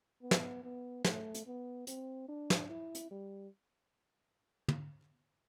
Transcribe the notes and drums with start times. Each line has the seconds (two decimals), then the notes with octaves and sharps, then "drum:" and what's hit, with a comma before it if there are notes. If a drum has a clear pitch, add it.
0.22 B3
0.31 drum: snare
0.63 B3
1.04 A3, drum: snare
1.34 drum: hi-hat
1.46 B3
1.87 C4, drum: hi-hat
2.28 D4
2.50 drum: snare
2.69 E4
2.95 drum: hi-hat
3.11 G3
4.68 drum: tom